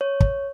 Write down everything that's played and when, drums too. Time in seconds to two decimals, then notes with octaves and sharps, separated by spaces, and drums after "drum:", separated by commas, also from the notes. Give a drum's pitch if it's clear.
0.01 C#5
0.21 drum: kick